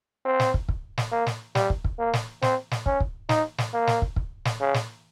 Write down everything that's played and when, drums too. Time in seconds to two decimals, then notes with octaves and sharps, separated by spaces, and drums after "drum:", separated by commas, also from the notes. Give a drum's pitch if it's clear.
0.25 C4
0.40 drum: snare
0.54 drum: kick
0.69 drum: kick
0.98 drum: snare
1.12 A#3
1.27 drum: snare
1.55 G3, drum: snare
1.70 drum: kick
1.84 drum: kick
1.99 A#3
2.13 drum: snare
2.42 C4, drum: snare
2.71 drum: snare
2.86 C#4, drum: kick
3.00 drum: kick
3.29 D#4, drum: snare
3.58 drum: snare
3.73 A#3
3.87 drum: snare
4.02 drum: kick
4.16 drum: kick
4.45 drum: snare
4.60 C#3
4.74 drum: snare